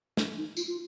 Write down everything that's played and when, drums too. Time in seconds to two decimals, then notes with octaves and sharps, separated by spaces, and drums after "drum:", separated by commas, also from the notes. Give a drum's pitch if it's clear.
0.17 D4, drum: snare
0.38 D#4
0.57 F4, drum: tambourine
0.68 F4